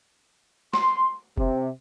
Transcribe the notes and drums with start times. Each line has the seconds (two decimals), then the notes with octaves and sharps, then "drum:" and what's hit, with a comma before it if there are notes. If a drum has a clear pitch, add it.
0.73 C6, drum: snare
1.38 C3, drum: kick F1